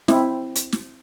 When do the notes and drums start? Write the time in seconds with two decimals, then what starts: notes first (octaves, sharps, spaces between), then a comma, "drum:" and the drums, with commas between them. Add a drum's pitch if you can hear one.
0.08 C4 E4, drum: snare
0.55 drum: hi-hat
0.72 drum: snare